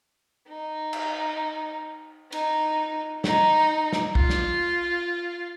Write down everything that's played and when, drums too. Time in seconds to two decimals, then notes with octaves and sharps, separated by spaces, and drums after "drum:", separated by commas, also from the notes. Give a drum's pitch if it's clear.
0.49 D#4
0.93 drum: cymbal
2.32 D#4, drum: cymbal
3.24 D#4, drum: snare
3.93 drum: snare
4.15 F4, drum: kick
4.30 drum: snare